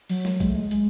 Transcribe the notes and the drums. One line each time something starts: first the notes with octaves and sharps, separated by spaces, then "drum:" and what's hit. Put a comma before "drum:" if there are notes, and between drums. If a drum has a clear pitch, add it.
F#3, drum: open hi-hat
drum: snare G#3
G#3, drum: kick, hi-hat
A3
G#3
G#3, drum: hi-hat